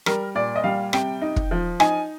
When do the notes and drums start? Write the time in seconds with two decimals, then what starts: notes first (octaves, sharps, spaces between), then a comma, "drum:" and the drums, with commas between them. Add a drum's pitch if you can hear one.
0.06 G3 A#4, drum: rim click
0.35 A#2 D5
0.56 D#5
0.64 G3 F5
0.93 C3 G5, drum: rim click
1.22 D#4
1.36 drum: kick
1.51 F3
1.80 D#4 G#5, drum: rim click